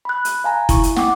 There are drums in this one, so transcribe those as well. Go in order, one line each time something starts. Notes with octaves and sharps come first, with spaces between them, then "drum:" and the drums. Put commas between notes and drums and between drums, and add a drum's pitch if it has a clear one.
B5 F#6
drum: hi-hat
F5 G#5 A#5
E4 C#6, drum: kick F1, hi-hat
drum: hi-hat
F#5 G5 D6, drum: snare